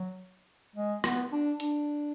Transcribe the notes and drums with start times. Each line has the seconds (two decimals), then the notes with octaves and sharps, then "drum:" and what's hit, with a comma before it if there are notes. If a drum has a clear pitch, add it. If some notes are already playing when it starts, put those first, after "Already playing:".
Already playing: F#3
0.76 G#3
1.04 B3, drum: rim click
1.32 D4
1.60 D4, drum: hi-hat